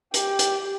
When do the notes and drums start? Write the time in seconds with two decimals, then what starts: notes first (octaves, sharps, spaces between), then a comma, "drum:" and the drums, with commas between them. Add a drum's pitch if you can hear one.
0.14 G4, drum: hi-hat
0.39 drum: hi-hat